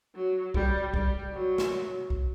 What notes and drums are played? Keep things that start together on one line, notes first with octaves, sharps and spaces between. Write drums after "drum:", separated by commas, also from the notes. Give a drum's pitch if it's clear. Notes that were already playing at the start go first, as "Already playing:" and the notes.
F#3
G3, drum: kick
G3, drum: kick
F#3
drum: snare
drum: kick